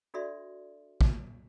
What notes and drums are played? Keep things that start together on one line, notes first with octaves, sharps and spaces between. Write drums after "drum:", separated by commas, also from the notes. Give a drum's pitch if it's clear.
D4 F#4 A4 D5 E5 C6
drum: kick